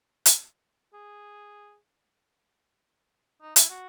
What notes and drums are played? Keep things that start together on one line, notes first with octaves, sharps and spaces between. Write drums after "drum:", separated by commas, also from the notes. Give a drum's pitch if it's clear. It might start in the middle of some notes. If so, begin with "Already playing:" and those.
drum: hi-hat
G#4
D#4
E4, drum: hi-hat
F#4